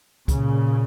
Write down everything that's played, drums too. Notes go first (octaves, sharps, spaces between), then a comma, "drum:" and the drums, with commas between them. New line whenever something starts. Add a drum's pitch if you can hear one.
A#2 C#3, drum: kick C#2, hi-hat